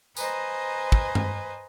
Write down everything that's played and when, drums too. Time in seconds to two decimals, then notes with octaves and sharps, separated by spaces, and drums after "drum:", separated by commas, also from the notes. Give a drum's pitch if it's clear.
0.17 B4 C5 D#5 G#5 A#5, drum: tambourine
0.92 drum: kick
1.15 drum: tom G2